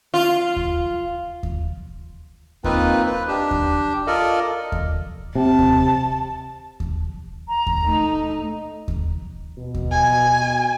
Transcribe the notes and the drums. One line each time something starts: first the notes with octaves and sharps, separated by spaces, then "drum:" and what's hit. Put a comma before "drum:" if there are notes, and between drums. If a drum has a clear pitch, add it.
F4
drum: kick D#2
drum: kick D#2
A#3 C4 D#4 F4 B4, drum: kick D#2
B4
D4 G4
drum: kick D#2
F4 A4 A#4 D5 D#5
drum: kick D#2
C3 A5
drum: kick D#2
drum: kick D#2
A#5
drum: kick D#2
A3 D#4
drum: kick D#2
B2
drum: kick D#2
G#5